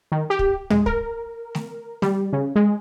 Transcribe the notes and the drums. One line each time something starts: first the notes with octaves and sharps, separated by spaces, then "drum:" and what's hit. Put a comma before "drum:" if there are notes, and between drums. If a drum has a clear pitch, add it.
D#3
G4
drum: kick
G#3, drum: tom
A#4, drum: kick
drum: snare A3
G3, drum: snare A3
C#3
G#3